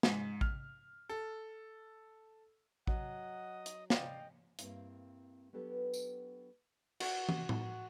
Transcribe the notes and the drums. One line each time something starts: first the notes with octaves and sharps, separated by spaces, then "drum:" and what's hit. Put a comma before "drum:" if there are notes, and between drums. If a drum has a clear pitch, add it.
G#2, drum: snare
F6, drum: kick A1
A4
F#3 D#5 F#5, drum: kick A1
drum: hi-hat
D5 D#5 F5 G5, drum: snare
G2 A#3 C4 E4 F5, drum: hi-hat
F#3 B3 D4 G4 A4 B4
drum: tambourine
F#4, drum: cymbal
drum: tom
drum: tom A2